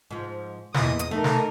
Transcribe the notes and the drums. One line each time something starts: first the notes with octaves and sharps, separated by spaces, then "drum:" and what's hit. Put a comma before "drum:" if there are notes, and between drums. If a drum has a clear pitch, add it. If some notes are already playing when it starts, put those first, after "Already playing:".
G#2 F3
E2 A#2 E4 D#5 D#6, drum: snare
drum: hi-hat
A3 D#4 A#4
drum: snare